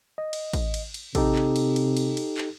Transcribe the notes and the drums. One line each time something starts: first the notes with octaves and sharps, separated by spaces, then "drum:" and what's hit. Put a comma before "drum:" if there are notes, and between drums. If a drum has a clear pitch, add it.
D#5
drum: cymbal
drum: kick, cymbal
drum: cymbal
drum: cymbal
C3 D#4 G4 A4, drum: kick, cymbal
drum: clap
drum: cymbal
drum: cymbal
drum: cymbal
drum: cymbal
drum: clap